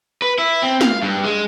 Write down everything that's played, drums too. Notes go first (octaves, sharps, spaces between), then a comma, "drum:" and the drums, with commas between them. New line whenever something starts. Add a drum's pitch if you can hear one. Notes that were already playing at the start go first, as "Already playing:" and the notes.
B4
E4
C4
F5, drum: snare
G2
G#3